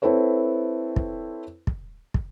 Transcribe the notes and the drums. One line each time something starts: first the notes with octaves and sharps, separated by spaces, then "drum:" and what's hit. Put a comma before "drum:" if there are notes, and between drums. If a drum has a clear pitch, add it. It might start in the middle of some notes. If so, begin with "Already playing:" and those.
C4 E4 A4 B4 C#5
drum: kick
drum: kick
drum: kick